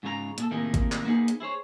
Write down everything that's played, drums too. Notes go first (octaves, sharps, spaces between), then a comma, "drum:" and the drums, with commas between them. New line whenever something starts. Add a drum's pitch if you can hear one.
G#2 C#3 F4 A#4 A#5
A#2 G#4 A4, drum: hi-hat
A2 C3 D#3 A#3 D#4 G#4
drum: kick G#1, hi-hat
drum: clap
A#3 B3 D#4 F#4 G#4
drum: hi-hat
E4 G#4 C5 C#5